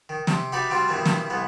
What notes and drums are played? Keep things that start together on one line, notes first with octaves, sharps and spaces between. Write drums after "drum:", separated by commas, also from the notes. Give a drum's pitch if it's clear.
D#3
C3, drum: snare
D#4 F#4 G4 B4 D5 E5
G3 C4 F4 F#4
G2 B2 D#3 E3 C4
drum: snare
C2 E3 B3